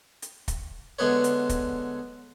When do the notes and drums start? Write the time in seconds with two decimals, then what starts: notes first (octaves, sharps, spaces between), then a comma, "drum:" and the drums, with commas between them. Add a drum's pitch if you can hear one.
0.22 drum: hi-hat
0.48 drum: kick, hi-hat
0.99 D3 G#3 B3 G#4 B4 C#5
1.24 drum: hi-hat
1.49 drum: kick, hi-hat